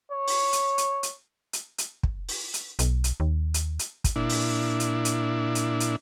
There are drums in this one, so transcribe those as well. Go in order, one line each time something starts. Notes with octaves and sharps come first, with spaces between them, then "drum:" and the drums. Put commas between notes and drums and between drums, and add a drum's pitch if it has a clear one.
C#5
drum: open hi-hat
drum: hi-hat
drum: hi-hat
drum: hi-hat
drum: hi-hat
drum: hi-hat
drum: kick
drum: open hi-hat
drum: hi-hat
B1, drum: hi-hat
drum: hi-hat
D#2
drum: hi-hat
drum: hi-hat
drum: kick, hi-hat
A#2 D4 E4
drum: open hi-hat
drum: hi-hat
drum: hi-hat
drum: hi-hat
drum: hi-hat